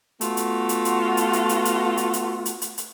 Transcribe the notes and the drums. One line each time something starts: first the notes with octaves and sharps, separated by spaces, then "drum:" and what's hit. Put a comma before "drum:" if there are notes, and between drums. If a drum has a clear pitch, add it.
A3 B3 F4 F#4, drum: hi-hat
drum: hi-hat
drum: hi-hat
drum: hi-hat
drum: hi-hat
drum: hi-hat
drum: hi-hat
drum: hi-hat
drum: hi-hat
drum: hi-hat
drum: hi-hat
drum: hi-hat
drum: hi-hat